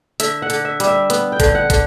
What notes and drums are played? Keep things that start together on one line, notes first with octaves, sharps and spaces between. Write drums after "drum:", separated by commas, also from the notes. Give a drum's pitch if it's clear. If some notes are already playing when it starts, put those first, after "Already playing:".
D3 E5, drum: hi-hat
F#5
D3, drum: hi-hat
E5
G3, drum: hi-hat
E5
B3, drum: hi-hat
G5
D3, drum: kick, hi-hat
F#5
D3, drum: kick, hi-hat